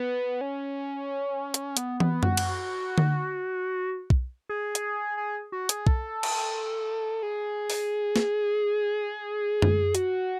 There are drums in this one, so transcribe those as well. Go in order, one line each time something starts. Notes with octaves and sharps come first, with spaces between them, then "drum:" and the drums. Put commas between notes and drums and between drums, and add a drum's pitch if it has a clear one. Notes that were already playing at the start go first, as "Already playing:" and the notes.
Already playing: B3
C#4
drum: hi-hat
B3, drum: hi-hat
B3, drum: tom
F#4, drum: tom F#2
drum: cymbal
drum: tom D3
drum: kick B1
G#4
drum: hi-hat
G#4
F#4
G#4, drum: hi-hat
A4, drum: kick B1
drum: cymbal
G#4
drum: open hi-hat
drum: snare
drum: tom F#2
F#4, drum: hi-hat